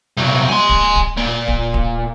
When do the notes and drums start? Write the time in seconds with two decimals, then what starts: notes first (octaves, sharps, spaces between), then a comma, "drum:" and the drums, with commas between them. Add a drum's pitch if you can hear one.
0.17 C2 F#3
0.49 G#5 C6
0.69 drum: kick D1
0.96 drum: kick D1
1.17 A#2
1.48 drum: kick D1
1.74 drum: kick D1